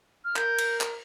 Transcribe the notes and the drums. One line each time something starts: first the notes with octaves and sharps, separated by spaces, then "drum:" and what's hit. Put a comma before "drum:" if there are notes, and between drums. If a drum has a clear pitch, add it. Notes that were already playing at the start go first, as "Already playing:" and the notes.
F6
A#4 G6, drum: clap
drum: cymbal
drum: clap